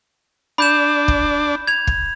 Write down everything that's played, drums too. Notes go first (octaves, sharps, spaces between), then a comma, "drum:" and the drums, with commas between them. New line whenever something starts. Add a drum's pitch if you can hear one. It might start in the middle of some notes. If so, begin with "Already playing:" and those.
D4 B5 G6 E7
drum: kick
G#6 F7
drum: kick